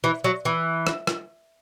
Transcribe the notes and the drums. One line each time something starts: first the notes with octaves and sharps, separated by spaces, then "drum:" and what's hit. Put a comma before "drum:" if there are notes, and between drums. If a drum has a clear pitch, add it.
E3
F#3
E3
drum: rim click
drum: rim click